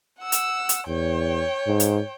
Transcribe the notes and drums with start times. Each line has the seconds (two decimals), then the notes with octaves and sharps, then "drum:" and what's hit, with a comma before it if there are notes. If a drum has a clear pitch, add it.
0.20 F#5 E6
0.32 drum: hi-hat
0.69 drum: hi-hat
0.87 E2 C#5 G5
1.67 G#2
1.80 drum: hi-hat